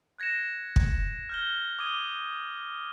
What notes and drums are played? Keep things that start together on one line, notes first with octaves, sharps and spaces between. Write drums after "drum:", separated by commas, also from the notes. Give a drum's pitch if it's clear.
F#6 G#6 A#6 C#7 E7
drum: kick
F6 G6 G7
D6 D#6 G#6 D#7 G7